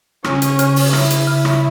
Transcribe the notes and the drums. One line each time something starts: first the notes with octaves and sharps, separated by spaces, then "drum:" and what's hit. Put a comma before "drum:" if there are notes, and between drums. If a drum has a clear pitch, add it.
C#3 C#4, drum: rim click
drum: hi-hat
C#3, drum: hi-hat
drum: open hi-hat
C#3 E4, drum: rim click
drum: hi-hat
C#3
drum: rim click